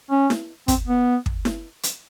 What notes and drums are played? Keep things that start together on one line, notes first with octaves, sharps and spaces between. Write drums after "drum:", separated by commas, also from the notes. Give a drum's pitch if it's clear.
C#4
drum: snare E4
C4, drum: kick, hi-hat
B3
drum: kick
drum: snare E4
drum: hi-hat